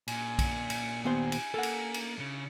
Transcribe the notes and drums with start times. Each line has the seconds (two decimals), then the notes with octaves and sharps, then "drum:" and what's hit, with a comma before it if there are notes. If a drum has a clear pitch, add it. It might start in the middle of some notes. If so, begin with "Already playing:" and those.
0.08 A#2 G#5, drum: cymbal
0.39 drum: kick, cymbal
0.70 drum: cymbal
1.04 D#2 B3 C5 G#5
1.32 drum: cymbal
1.54 A#3 A4 F#5
1.63 drum: cymbal
1.94 drum: cymbal
2.19 C#3